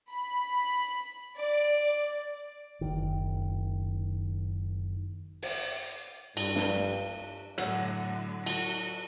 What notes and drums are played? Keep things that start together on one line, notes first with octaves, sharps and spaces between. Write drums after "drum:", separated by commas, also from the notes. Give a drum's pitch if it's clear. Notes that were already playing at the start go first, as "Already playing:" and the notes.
B5
D5
F#1 D#3
drum: open hi-hat
G2, drum: cymbal
drum: snare
A2 D3 F#3, drum: hi-hat
F#4, drum: cymbal